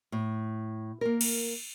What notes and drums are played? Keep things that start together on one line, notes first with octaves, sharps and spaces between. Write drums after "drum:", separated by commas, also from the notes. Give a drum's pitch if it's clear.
A2
A#3 A#4
drum: cymbal